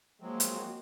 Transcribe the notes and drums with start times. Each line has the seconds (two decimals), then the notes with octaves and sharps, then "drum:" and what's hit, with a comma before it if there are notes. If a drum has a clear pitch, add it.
0.20 F3 F#3 G#3 A#3 C4 F#4
0.40 drum: hi-hat